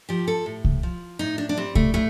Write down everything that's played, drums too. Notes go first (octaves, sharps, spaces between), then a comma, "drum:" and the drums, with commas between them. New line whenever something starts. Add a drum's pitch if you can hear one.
F3 G4
A4
A2
drum: kick C2
F3
A2 D#4
D4
D4
G3 C4
A3, drum: kick C2
A2 A3